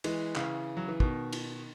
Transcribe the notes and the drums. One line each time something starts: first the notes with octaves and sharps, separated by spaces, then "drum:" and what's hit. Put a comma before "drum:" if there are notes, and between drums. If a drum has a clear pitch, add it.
E3 G#3, drum: cymbal
C#3 E3, drum: clap
F#3
E3
B2 D#3, drum: kick
drum: cymbal